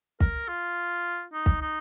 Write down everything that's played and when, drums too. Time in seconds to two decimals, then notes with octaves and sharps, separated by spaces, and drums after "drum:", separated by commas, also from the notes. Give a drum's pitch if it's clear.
0.20 A#4, drum: kick
0.48 F4
1.34 D#4
1.46 drum: kick
1.62 D#4